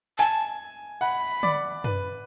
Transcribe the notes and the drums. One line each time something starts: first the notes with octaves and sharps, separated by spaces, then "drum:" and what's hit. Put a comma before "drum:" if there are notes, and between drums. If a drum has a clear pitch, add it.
G#5 A5
F#5 B5
D5, drum: tom D3
B4, drum: tom F#2